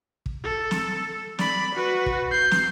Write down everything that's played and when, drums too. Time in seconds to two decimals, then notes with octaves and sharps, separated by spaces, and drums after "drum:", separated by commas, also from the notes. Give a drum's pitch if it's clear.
0.26 drum: kick
0.44 A4
0.71 drum: snare
1.39 D5 B5, drum: snare
1.74 F#4 B4
2.06 drum: kick
2.31 G6 C7
2.51 drum: snare